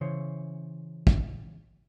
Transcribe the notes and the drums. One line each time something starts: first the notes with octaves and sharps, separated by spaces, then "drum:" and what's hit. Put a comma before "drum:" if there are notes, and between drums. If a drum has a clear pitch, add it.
C#3 E3 C5 C#5
drum: kick